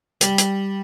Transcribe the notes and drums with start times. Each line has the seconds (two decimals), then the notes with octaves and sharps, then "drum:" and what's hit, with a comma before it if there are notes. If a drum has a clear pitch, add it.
0.21 G3, drum: hi-hat
0.38 drum: hi-hat